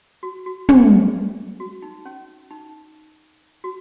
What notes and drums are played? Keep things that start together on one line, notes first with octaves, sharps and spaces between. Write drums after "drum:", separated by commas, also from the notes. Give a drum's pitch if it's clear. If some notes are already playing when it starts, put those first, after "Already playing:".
F#4
F#4
G#4, drum: tom
F#4
D#4
C#4
D#4
F#4